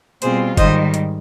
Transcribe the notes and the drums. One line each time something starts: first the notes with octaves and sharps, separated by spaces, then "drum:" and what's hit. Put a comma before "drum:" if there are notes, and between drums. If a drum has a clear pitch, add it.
B2 G3 C4 F4 G#4 C5, drum: hi-hat
G#2 D#3 G3 C5 D#5, drum: kick F#1, hi-hat
drum: hi-hat